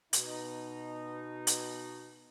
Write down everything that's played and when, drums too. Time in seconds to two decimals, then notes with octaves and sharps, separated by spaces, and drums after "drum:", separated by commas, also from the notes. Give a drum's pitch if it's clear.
0.13 B2 D#4, drum: hi-hat
1.47 drum: hi-hat